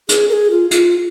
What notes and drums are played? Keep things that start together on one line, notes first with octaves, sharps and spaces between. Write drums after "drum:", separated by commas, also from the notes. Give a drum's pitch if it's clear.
G#4, drum: hi-hat
A#4
G#4
F4
F4, drum: hi-hat